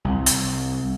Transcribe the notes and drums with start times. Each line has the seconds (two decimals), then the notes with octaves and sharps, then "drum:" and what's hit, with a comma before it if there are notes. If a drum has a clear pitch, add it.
0.05 C2
0.26 drum: hi-hat